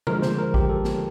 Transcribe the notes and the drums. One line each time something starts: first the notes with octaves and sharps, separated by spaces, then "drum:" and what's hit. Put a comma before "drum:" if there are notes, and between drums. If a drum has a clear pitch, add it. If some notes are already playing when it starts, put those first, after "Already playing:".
D3 F3 G#3 A#4, drum: tom B2
C5, drum: snare
A#4
G4, drum: kick G#1
A4
drum: snare